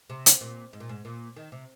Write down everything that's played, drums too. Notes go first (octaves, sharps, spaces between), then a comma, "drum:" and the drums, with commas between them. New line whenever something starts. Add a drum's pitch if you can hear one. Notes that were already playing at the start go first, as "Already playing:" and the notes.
C3
drum: hi-hat
A#2
G#2
A#2
G#2
A#2
D#3
C3